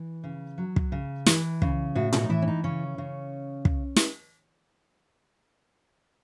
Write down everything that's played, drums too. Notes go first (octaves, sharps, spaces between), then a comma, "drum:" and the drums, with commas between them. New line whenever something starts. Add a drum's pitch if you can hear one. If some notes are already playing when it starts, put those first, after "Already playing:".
Already playing: E3
C#3
F#3
drum: kick
C#3
E3, drum: snare
C#3, drum: kick
A2 F#4
F#4, drum: tom A#2
D#4
E3 E4
C#4
D#4
C#3 C#4
C#3
drum: kick
drum: snare